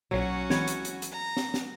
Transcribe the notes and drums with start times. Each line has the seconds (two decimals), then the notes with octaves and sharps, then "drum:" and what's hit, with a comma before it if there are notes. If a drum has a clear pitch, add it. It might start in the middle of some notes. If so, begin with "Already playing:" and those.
0.11 B1 A#2 F#3 C#4 F#4
0.50 E3 G#3 C#5 B5, drum: snare
0.68 drum: hi-hat
0.85 drum: hi-hat
1.02 drum: hi-hat
1.12 A#5
1.37 drum: snare
1.54 drum: snare